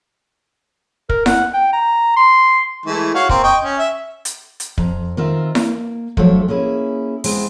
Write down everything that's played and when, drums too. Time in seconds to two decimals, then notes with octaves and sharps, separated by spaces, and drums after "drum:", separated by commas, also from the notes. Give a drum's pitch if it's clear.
1.09 A#4, drum: kick
1.26 F#5, drum: snare E4
1.54 G5
1.73 A#5
2.16 C6
2.86 E3 G#3 A3
3.15 F#4 C#5 F5
3.29 A#3 C4, drum: kick
3.43 D#5 G5 C#6
3.64 C#4
3.79 E5
4.25 drum: hi-hat
4.60 drum: hi-hat
4.78 F2 A#5, drum: kick
5.17 D#3 C4 F4 A#4 E5
5.55 A#3, drum: snare E4
6.17 F3 F#3 A3 D4 A4 C#5, drum: kick
6.48 A#3 C#4 E4 G#4
7.24 G#3 B3 C4 E4 G#4, drum: open hi-hat